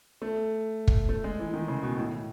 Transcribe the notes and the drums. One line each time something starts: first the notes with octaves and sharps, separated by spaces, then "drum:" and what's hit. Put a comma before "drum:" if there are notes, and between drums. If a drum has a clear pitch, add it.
A3
drum: kick
A3
G#3
E3
D#3
C#3
B2
A2